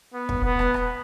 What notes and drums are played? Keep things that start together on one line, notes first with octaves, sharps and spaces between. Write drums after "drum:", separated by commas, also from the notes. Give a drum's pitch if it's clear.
B3
drum: kick
B3
drum: rim click
drum: rim click